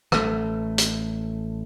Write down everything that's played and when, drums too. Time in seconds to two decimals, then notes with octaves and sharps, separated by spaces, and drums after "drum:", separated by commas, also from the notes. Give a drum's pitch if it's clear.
0.12 A1 A3, drum: rim click
0.78 drum: hi-hat